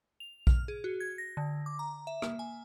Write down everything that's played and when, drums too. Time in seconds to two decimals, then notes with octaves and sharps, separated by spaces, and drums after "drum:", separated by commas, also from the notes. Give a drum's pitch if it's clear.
0.20 F7
0.47 F6, drum: kick A#1
0.68 G#4
0.84 F#4
1.00 G#6
1.18 A#6
1.37 D3
1.66 D6
1.79 A#5
2.07 E5
2.22 A#3, drum: rim click
2.39 G#5